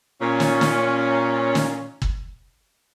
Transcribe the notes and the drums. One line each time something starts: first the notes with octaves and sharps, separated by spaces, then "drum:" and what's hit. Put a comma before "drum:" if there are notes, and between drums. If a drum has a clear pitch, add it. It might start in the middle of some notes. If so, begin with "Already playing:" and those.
A#2 C#4
drum: snare
drum: snare
drum: snare
drum: kick